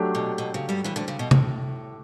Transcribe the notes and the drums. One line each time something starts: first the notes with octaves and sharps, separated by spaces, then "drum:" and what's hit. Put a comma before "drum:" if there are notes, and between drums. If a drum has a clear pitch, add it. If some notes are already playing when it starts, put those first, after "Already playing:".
Already playing: F#3 A3 D4 G4
B2
B2
C#3
G2 G3
E2 E3
D2 D3
C#3
B2
A2, drum: tom C3